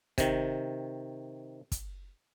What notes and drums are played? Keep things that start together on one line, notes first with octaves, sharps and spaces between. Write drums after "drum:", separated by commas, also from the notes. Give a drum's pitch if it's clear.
C3 D#3, drum: kick, hi-hat
drum: kick, hi-hat